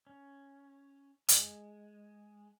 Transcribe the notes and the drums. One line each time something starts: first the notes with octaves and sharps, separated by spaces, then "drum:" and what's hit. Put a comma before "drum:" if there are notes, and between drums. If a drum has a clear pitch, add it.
C#4
G#3, drum: hi-hat